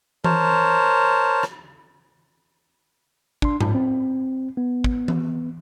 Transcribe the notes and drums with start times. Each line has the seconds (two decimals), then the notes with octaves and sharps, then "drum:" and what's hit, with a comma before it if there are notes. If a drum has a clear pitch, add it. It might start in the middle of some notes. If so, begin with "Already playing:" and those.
0.24 A#4 C5 C#5 A5, drum: tom E3
1.43 drum: rim click
3.42 D4 C6, drum: kick
3.60 G#2, drum: tom
3.75 C4
4.57 B3
4.84 drum: kick
5.08 drum: tom E3